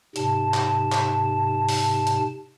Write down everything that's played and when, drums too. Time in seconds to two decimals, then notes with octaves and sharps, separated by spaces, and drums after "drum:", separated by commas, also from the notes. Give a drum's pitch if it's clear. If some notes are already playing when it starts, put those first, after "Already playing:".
0.16 G#2 C3 A5, drum: hi-hat
0.54 drum: clap
0.92 drum: clap
1.69 drum: open hi-hat
2.07 drum: hi-hat